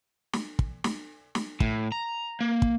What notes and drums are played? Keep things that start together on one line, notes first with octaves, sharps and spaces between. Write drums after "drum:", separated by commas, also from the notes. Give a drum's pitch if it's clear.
drum: snare
drum: kick
drum: snare
drum: snare
A2, drum: kick
A#5
A#3
drum: kick